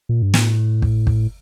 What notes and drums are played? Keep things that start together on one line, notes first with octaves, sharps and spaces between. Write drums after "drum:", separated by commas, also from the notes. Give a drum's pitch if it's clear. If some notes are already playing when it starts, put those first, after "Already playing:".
A#2
G2
A2, drum: snare
drum: kick
drum: kick